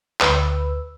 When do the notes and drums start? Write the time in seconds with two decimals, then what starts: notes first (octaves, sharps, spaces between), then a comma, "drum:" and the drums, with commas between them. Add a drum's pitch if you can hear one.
0.21 D2 B4 E6, drum: clap